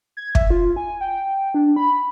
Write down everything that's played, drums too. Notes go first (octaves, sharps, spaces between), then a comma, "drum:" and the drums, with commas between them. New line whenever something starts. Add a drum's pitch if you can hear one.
G#6
E5, drum: kick
F4
G#5
G5
D4
B5